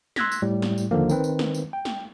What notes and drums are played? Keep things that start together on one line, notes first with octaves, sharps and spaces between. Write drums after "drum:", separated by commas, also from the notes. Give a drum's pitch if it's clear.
C6 E6 F#6 G#6 A#6 B6, drum: snare
drum: tambourine
A2 G3
drum: snare
drum: tambourine
D3 D#3 F3 A#3, drum: tom
D#3 C4 B4, drum: tambourine
drum: tambourine
drum: snare
drum: tambourine
G5
drum: snare